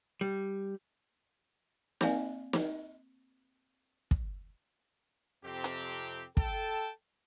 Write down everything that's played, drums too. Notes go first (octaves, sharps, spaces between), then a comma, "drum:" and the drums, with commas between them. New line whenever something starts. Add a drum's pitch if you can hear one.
G3
A#3 C4 D5 F5 G#5, drum: snare
drum: snare
drum: kick
F2 C3 C4 G4
drum: hi-hat
A4 G5 A5, drum: kick